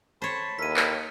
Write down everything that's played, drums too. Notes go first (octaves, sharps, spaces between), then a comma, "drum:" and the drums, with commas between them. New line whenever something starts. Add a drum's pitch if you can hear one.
C5 C#5 A5 B5
D#2 E4 A4 A#4 B6 D#7
drum: clap